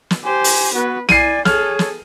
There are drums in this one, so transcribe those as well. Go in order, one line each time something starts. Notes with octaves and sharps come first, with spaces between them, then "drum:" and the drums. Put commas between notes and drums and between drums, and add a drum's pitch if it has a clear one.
drum: snare
G4 C5 G#5
drum: open hi-hat
B3 F#4 B4
E4 D5 G#5 C7 D#7, drum: snare
G#4 A4 C#5 F6, drum: snare
drum: snare